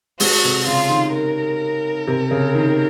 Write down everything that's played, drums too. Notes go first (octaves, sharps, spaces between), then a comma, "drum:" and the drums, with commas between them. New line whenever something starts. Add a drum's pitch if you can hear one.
G#3 F#4, drum: open hi-hat
C3
C#3 F4
D#3
A#4
C3
C#3
D#3